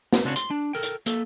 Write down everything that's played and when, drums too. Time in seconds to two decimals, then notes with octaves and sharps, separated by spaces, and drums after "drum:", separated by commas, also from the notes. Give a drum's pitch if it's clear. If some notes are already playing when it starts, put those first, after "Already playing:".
0.13 drum: snare
0.25 C#3 C4 D4 F#4 B4 C#5
0.36 C6, drum: hi-hat
0.51 D4
0.73 A4 A#4 G5
0.83 drum: hi-hat
1.06 A#3 A4, drum: hi-hat